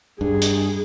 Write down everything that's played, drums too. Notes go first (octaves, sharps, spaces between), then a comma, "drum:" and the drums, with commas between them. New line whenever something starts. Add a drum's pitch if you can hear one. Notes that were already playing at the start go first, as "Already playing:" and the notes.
G2 G#4
drum: hi-hat